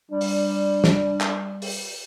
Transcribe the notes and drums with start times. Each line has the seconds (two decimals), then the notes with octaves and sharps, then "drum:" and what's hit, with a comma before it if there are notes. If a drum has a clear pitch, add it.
0.11 G3 D4
0.21 drum: open hi-hat
0.84 drum: snare
1.21 drum: clap
1.62 drum: open hi-hat